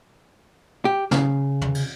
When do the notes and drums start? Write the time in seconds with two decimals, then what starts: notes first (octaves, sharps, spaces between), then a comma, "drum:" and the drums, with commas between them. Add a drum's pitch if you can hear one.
0.85 G4
1.11 C#3, drum: snare
1.62 drum: tom
1.75 drum: cymbal